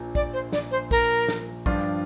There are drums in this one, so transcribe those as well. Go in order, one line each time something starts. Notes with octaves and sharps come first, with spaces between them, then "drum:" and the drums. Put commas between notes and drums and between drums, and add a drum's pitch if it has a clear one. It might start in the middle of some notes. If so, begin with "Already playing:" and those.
Already playing: A#1 A#2
D5, drum: kick
C5
D5, drum: snare
C5
A#4, drum: kick
drum: snare
G2 F3 D4 F4, drum: kick